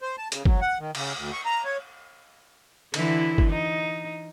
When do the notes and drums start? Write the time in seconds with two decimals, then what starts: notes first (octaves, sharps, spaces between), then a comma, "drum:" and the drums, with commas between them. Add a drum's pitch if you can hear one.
0.01 C5
0.18 A5
0.32 C#3, drum: hi-hat
0.45 F#3, drum: kick
0.61 F#5
0.79 D#3
0.95 C#3, drum: cymbal
1.17 D2
1.33 C#6
1.45 A#5
1.64 C#5
2.94 D3 E3 E4, drum: cymbal
3.38 drum: kick
3.50 D#4